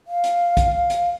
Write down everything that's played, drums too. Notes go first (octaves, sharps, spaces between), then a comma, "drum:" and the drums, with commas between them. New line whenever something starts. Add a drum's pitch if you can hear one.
F5
drum: hi-hat
drum: kick B1, hi-hat
drum: hi-hat